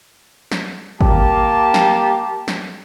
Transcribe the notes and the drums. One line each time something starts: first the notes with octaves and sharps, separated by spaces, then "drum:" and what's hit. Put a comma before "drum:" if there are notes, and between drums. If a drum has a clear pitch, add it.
drum: snare
A#3 G4 A5, drum: kick G#1
drum: snare
drum: snare